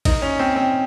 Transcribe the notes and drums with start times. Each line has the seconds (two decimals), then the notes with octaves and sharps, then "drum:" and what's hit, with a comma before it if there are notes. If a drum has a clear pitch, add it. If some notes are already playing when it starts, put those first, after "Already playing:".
0.05 D#4, drum: kick, cymbal
0.22 C#4
0.39 C4
0.56 C4